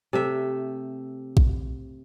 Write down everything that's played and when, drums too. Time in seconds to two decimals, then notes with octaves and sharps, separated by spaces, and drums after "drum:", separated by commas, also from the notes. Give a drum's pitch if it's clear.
0.13 C3 A3 E5
1.37 drum: kick A#1